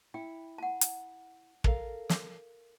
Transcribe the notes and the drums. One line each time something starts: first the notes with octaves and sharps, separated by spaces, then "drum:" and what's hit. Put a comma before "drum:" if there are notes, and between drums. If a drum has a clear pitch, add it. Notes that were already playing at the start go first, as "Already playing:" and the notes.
E4 G5
F#5 A5
drum: hi-hat
A4 A#4 F5, drum: kick
drum: snare